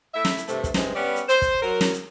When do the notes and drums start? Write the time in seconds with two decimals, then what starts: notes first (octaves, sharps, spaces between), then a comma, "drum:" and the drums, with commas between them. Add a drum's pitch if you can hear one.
0.14 A3 E4 E5
0.25 drum: snare
0.38 drum: hi-hat
0.48 G2 C3 A3, drum: hi-hat
0.64 drum: kick, hi-hat
0.74 G2 C3 G#3, drum: snare
0.94 G3 B3 C#4 D5
1.16 drum: hi-hat
1.29 C5, drum: hi-hat
1.42 drum: kick, hi-hat
1.62 F#3 A#4
1.81 drum: snare
1.94 drum: hi-hat